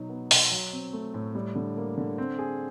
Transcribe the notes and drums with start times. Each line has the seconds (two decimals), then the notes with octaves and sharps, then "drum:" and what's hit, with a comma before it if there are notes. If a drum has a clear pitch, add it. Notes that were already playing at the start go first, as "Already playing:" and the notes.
Already playing: B2 F#3 D#4
0.10 B3
0.31 B2, drum: open hi-hat
0.52 F#3
0.72 C4
0.93 A3
1.14 A2
1.35 G3
1.56 D3
1.77 A#3
1.98 D3
2.18 C4
2.39 G#4